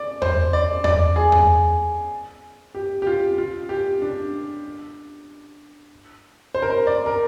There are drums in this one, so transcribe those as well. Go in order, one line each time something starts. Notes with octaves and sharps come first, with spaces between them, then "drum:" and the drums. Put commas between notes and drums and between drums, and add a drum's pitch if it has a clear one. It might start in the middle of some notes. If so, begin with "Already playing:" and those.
Already playing: D5
C5, drum: tom E2
D5
D5, drum: tom E2
G#4
drum: tom E2
G4
G4
F4
F4
G4
D4
C5
A#4
C5
D5
A#4